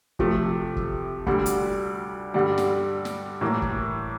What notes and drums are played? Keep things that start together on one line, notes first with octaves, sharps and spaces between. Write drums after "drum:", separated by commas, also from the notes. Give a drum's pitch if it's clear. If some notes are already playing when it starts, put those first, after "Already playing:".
C3 F3 A3, drum: kick
drum: kick
D2 D3 G3, drum: kick
drum: hi-hat
G2 D3 G3
drum: snare
drum: snare
A2 E3 A#3
drum: kick